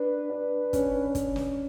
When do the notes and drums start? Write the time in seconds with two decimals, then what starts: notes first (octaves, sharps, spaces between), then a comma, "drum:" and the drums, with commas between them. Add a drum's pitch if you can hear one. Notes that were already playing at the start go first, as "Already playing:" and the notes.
Already playing: D4 B4
0.30 D4
0.73 C#4, drum: kick, hi-hat
1.15 drum: kick, hi-hat
1.36 drum: snare